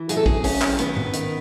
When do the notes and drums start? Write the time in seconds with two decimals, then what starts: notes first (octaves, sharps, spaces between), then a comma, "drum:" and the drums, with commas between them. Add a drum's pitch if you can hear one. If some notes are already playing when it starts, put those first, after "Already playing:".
Already playing: E3
0.09 F#2 G#4, drum: hi-hat
0.17 A4
0.26 G#4, drum: kick A1
0.44 F#2 C#4, drum: open hi-hat
0.62 drum: clap
0.78 D#3 B3, drum: hi-hat
0.96 drum: tom G#2
1.13 D#3, drum: hi-hat